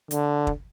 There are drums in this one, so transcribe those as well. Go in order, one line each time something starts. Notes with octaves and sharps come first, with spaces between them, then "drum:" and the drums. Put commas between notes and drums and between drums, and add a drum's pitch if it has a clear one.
D3, drum: hi-hat
drum: kick